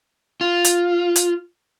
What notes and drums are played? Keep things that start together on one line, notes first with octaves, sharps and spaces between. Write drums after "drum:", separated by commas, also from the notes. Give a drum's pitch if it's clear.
F4
drum: hi-hat
drum: hi-hat